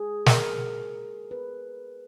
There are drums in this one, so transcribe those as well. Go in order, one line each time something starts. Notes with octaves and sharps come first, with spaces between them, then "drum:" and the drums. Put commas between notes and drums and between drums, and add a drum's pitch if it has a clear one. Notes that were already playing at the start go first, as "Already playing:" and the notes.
Already playing: G#4
A#4, drum: snare
B4